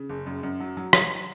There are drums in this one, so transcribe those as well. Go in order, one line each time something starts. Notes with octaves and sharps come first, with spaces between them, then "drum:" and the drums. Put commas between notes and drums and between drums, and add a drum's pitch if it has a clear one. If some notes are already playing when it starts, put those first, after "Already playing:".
Already playing: C#3
F#1
F#2
F#2
F#3
F#3
F#3, drum: rim click